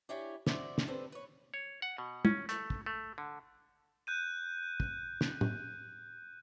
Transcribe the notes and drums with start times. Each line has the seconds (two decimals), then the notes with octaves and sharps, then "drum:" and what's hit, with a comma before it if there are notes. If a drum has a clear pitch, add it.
0.09 D4 E4 G4 C#5 G#5
0.47 F#4 C5 D5 E5, drum: snare
0.78 drum: snare
0.88 C4 D4 G4 A4 B4 C5
1.12 B4 C#5
1.54 C#5
1.82 F#5
1.98 B2
2.25 C#4, drum: tom
2.49 A3, drum: hi-hat
2.70 drum: kick
2.86 A3
3.18 D3
4.07 F#6 G6 D#7
4.80 drum: kick
5.21 drum: snare
5.41 drum: tom A2